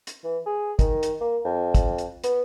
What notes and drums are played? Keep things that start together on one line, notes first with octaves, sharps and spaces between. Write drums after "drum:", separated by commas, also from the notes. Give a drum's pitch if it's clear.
drum: hi-hat
E3
G#4
D#3, drum: kick, hi-hat
drum: hi-hat
A#3
F2
drum: kick, hi-hat
drum: hi-hat
B3, drum: hi-hat